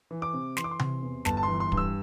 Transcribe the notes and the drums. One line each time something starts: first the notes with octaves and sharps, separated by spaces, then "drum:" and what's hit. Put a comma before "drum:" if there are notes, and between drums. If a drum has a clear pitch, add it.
E3
D6
C3
E3 C6, drum: snare
D6
C6
C3, drum: tom C3
E2
G1 A5, drum: snare
A5
C6
E3
C6
G2, drum: kick
E6